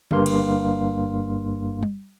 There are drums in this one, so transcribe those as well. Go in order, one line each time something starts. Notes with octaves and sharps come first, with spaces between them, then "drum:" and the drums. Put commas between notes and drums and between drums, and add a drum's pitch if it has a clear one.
G1 G2 A#3 F5 C6, drum: tom C#3
drum: cymbal
drum: tom G3